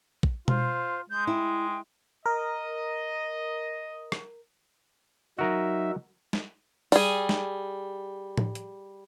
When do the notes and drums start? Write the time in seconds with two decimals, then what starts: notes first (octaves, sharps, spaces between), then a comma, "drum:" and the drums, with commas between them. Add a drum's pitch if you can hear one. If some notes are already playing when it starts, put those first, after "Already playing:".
0.23 drum: kick
0.48 F4 C5, drum: tom B2
1.10 G#3 G6
1.27 E4 G5
2.26 A#4 D#5
4.12 drum: rim click
5.39 F#3 D#4 F#4 A#4 D#5 E5
6.33 drum: snare
6.92 G3 G#4, drum: open hi-hat
7.29 drum: snare
8.38 drum: tom A2
8.55 drum: hi-hat